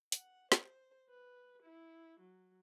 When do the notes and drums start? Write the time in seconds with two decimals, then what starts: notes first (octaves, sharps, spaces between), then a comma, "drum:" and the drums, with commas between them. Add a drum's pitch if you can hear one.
0.12 F#5, drum: hi-hat
0.52 C5, drum: snare
1.09 B4
1.61 E4
2.19 F#3